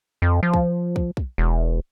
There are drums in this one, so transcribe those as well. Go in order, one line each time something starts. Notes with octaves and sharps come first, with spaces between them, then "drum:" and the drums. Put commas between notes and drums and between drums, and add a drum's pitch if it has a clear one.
F2
F3
drum: kick
drum: kick
drum: kick
E1